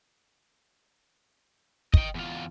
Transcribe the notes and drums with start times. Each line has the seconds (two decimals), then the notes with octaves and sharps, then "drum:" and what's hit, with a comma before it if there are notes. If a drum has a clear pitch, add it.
1.94 D#5 G5, drum: kick
2.15 E2 F4